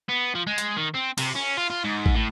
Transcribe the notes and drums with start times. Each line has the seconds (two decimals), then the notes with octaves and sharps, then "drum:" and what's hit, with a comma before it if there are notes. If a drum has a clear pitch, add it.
0.09 B3
0.35 F3
0.47 G#3
0.58 drum: hi-hat
0.77 D#3
0.94 C4
1.18 C3, drum: cymbal
1.35 C#4
1.57 F4
1.70 F4
1.84 G#2
2.06 drum: kick
2.15 A2